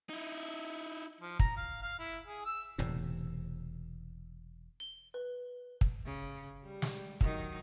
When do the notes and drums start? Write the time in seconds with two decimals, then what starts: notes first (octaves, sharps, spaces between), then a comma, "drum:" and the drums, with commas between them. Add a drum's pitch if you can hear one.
0.09 D#4 E4
1.21 F3
1.39 A#5, drum: kick
1.57 F5
1.83 F5
1.99 E4
2.26 G#4
2.46 E6
2.78 E1 A2 C3
4.80 G7
5.14 B4
5.81 drum: kick
6.05 C#3
6.64 G3
6.82 drum: snare
7.21 D#3 F#3 D#4, drum: kick